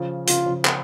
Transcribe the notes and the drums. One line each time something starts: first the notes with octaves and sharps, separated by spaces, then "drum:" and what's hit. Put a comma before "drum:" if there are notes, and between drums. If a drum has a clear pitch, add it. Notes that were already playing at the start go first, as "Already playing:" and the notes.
Already playing: C#3 F3
C#3 F4, drum: hi-hat
C#3 F3
drum: clap